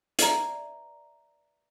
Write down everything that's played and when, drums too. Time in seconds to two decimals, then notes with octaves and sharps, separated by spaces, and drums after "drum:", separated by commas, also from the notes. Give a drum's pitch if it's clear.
0.19 B4 D5 E5 A#5, drum: hi-hat